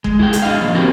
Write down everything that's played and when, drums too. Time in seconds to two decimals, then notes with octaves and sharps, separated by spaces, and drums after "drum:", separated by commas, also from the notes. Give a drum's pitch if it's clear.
0.04 G#3, drum: kick
0.19 E4 G#4 G5
0.33 drum: hi-hat
0.42 D4 D#5 F5
0.62 F3 A#3 D4
0.74 C4 E4 F#4 G4 A#4 C5